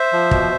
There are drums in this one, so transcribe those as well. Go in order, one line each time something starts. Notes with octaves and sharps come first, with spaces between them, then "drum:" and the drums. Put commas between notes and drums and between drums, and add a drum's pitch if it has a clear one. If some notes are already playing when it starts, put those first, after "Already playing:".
Already playing: C5 E5
F3
B2, drum: kick